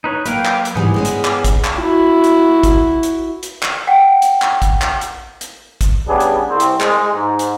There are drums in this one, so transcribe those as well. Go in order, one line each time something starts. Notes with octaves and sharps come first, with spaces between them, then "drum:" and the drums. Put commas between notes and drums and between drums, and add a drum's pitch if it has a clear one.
D#4 B4 C#5
F#3 A#3 B4 F5 G5, drum: hi-hat
drum: clap
drum: hi-hat
G#2 E3 G3 B3 G#4
G2 G#3 C#4
drum: hi-hat
drum: clap
drum: kick, hi-hat
drum: clap
E4 F#4
drum: hi-hat
drum: kick, hi-hat
drum: hi-hat
drum: hi-hat
drum: clap
F#5 G5
drum: hi-hat
drum: clap
drum: kick, hi-hat
drum: clap
drum: hi-hat
drum: hi-hat
drum: kick, hi-hat
C#3 G3 B3 D4 G#4
drum: hi-hat
C2 C4
drum: hi-hat
G#3, drum: clap
G#2
drum: hi-hat